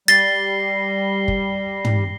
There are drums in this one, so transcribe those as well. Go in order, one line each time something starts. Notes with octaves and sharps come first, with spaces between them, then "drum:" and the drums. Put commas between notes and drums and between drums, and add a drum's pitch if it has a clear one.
G3 A6 A#6 C7 G7, drum: hi-hat
drum: kick
drum: tom